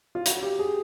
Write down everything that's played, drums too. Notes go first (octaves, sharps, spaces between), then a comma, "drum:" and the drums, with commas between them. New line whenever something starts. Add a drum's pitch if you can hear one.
F4
F#4, drum: hi-hat
G4
G#4